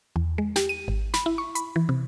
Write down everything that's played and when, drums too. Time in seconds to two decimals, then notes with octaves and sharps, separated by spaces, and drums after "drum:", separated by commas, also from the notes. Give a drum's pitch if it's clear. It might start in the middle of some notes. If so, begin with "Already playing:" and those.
0.16 E2
0.38 G#3
0.56 G4, drum: snare
0.69 D#7
0.88 G#1
1.14 B5, drum: snare
1.26 E4
1.38 C#6
1.55 B5, drum: hi-hat
1.76 E3
1.89 C3